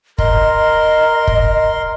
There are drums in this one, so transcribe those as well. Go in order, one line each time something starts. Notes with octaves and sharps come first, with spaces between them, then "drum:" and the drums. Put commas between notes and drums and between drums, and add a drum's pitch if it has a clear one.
A#4 D#5 C6, drum: kick
drum: kick